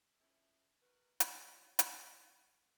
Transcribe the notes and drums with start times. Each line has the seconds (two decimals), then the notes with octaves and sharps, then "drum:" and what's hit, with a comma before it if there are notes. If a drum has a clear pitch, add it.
0.20 D3 F3 A3 C#4 E4
0.82 D#4 F#4 A#4 B4
1.20 F3 F#3, drum: hi-hat
1.79 drum: hi-hat